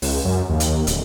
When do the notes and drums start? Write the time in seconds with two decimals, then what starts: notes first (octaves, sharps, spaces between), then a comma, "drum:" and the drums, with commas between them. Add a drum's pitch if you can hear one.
0.02 C#2, drum: open hi-hat
0.25 F#2
0.49 D#2
0.60 drum: hi-hat
0.87 D1, drum: hi-hat